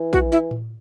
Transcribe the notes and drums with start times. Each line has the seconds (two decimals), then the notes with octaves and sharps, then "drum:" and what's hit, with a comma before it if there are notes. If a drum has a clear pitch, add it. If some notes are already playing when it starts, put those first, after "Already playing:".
Already playing: E3
0.13 F#4, drum: kick
0.32 E4
0.51 drum: tom A2